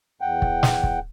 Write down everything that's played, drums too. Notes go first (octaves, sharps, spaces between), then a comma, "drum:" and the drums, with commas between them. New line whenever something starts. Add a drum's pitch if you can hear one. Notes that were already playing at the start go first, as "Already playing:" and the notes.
E2 F#5 G5
drum: kick
drum: snare
drum: kick